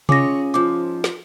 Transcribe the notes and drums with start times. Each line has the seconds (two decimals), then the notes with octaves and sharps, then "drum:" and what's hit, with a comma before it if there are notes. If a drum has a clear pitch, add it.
0.09 C#4 F4 G#4 C#5 D6 A#6, drum: tom C3
0.54 G#2 F3 D6
1.04 drum: snare